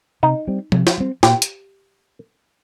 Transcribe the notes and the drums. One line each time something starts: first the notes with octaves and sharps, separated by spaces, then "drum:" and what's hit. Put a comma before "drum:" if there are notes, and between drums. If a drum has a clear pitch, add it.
C3 D#4
G3 C4
C3, drum: tom F3
drum: snare
G3 C4
A#2 G4, drum: snare
drum: hi-hat